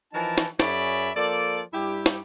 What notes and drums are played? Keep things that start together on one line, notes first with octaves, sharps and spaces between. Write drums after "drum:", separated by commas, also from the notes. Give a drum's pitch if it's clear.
E3 F3 D#4 A#4 A5
drum: snare
F#2 G#4 C#5 D5 E5 B5, drum: snare
F3 A#3 A4 D5
G2 G3 E4 G4
drum: snare